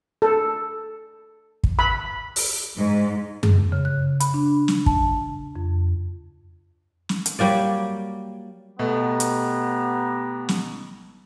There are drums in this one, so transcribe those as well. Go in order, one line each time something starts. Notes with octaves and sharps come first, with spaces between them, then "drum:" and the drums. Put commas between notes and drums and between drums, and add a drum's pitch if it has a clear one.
A4
drum: kick
B5
drum: open hi-hat
G#2
G#4, drum: tom F#2
C#3
F#6
B5, drum: hi-hat
D4
drum: snare
A5, drum: kick
F2
drum: snare
drum: hi-hat
F#3 G3 A#3 D5
B2 A3 B3 G4 A#5
drum: hi-hat
drum: snare